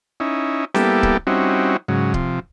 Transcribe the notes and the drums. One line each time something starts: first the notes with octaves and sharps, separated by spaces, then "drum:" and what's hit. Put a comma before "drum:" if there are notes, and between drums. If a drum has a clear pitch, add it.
C#4 D#4 E4
G3 A#3 B3 E4 G4 A4, drum: snare C#4
drum: kick C#1
G3 C4 C#4 D#4 E4 F#4
G#2 C#3 F#3
C3 F3, drum: kick C#1